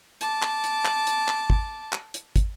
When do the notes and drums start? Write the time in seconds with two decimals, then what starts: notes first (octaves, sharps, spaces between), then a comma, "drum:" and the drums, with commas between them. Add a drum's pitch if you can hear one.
0.21 A5 D6, drum: hi-hat
0.42 drum: clap
0.64 drum: hi-hat
0.85 drum: clap
1.07 drum: hi-hat
1.28 drum: clap
1.50 drum: kick
1.93 drum: clap
2.14 drum: hi-hat
2.36 drum: kick, hi-hat